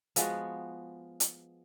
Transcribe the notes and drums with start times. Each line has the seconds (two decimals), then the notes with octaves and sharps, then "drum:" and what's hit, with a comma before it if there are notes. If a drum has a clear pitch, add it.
0.16 F3 G#3 B3 F#4, drum: hi-hat
1.20 drum: hi-hat